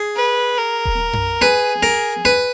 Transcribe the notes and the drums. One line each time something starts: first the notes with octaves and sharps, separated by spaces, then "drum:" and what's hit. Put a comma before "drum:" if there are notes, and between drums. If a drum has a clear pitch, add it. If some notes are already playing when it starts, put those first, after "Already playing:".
Already playing: G#4
B4
A#4
drum: kick D#1
drum: tom F#2
G#4 B4
A#4
B4